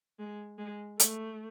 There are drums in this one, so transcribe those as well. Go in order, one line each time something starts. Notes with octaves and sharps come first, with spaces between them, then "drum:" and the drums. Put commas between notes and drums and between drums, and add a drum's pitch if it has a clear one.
G#3
G#3
A3, drum: hi-hat